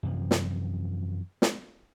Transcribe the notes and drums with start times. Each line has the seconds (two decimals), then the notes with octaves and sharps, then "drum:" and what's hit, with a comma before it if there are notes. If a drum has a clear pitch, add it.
0.03 F#2 C3 E3 F3
0.31 drum: snare
1.42 drum: snare